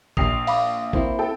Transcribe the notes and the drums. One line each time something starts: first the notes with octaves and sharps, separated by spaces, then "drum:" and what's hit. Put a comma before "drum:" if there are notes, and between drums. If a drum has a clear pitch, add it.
A#1 D#6 C7 F7, drum: kick A1
F5 B5 D6, drum: open hi-hat
A#3 C4 E4, drum: kick A1
A4 G5